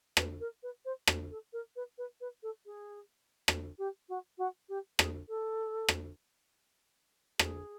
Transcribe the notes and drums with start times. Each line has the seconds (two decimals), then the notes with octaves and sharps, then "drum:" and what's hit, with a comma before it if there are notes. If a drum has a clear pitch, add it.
0.17 B4, drum: rim click
0.40 A#4
0.63 B4
0.85 C5
1.07 drum: rim click
1.30 A4
1.53 A#4
1.76 B4
1.98 B4
2.20 B4
2.43 A4
2.66 G#4
3.48 drum: rim click
3.78 G4
4.09 F#4
4.38 F#4
4.69 G4
4.99 G#4, drum: rim click
5.28 A4
5.88 drum: rim click
7.39 G#4, drum: rim click